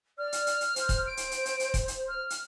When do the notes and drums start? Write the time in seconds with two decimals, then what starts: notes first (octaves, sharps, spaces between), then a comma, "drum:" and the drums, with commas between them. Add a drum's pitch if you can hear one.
0.18 D5 F6
0.32 drum: hi-hat
0.47 drum: hi-hat
0.61 drum: hi-hat
0.76 C5, drum: hi-hat
0.89 drum: kick, hi-hat
1.07 D7
1.17 drum: hi-hat
1.31 drum: hi-hat
1.46 drum: hi-hat
1.60 drum: hi-hat
1.74 drum: kick, hi-hat
1.88 drum: hi-hat
2.08 F6
2.30 drum: hi-hat